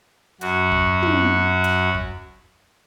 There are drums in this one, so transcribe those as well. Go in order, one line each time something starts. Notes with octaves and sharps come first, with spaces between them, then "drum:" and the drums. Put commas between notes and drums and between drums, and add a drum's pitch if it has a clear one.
F#2 F#4, drum: hi-hat
drum: kick
drum: tom
drum: hi-hat
drum: kick